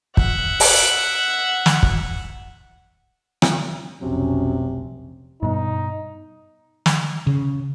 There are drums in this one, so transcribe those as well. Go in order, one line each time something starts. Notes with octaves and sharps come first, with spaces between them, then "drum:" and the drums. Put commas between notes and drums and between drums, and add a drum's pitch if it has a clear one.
E5 F#5, drum: kick
drum: open hi-hat
drum: snare
drum: kick
drum: rim click
F1 B1 C3 F#3 C#4
G2 B2 D#4
drum: snare
C#3